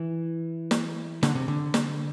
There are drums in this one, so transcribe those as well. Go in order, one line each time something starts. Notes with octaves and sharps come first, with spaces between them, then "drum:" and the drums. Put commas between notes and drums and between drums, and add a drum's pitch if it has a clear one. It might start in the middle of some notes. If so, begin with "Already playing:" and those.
Already playing: E3
drum: snare
D3, drum: snare
C3
D3
drum: snare